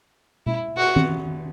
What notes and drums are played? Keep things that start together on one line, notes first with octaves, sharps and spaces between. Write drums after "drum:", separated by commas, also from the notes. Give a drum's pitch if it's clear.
E4, drum: tom B2
F#4, drum: cymbal
drum: tom D#3